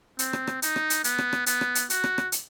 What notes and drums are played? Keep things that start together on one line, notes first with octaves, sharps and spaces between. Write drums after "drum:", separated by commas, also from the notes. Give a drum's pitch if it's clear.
C4, drum: hi-hat
drum: rim click
drum: rim click
D#4, drum: hi-hat
drum: rim click
drum: hi-hat
B3, drum: hi-hat
drum: rim click
drum: rim click
B3, drum: hi-hat
drum: rim click
drum: hi-hat
F#4, drum: hi-hat
drum: rim click
drum: rim click
drum: hi-hat